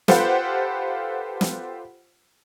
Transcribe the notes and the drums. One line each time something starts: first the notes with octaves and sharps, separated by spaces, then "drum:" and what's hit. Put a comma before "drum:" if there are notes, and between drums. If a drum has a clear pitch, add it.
F4 G4 A4 B4 C5 F#5, drum: snare
drum: snare